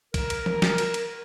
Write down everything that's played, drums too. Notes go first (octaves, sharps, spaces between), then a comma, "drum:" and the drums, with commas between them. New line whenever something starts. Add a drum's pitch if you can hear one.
A#4, drum: kick, cymbal
drum: cymbal
drum: tom E3
drum: snare
drum: cymbal
drum: cymbal